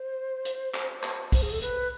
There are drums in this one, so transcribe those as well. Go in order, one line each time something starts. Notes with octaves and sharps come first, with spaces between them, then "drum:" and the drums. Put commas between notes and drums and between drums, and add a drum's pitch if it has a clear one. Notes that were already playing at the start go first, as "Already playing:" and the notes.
Already playing: C5
drum: hi-hat
drum: clap
drum: clap
C5, drum: kick, open hi-hat
G#4
A4
B4, drum: hi-hat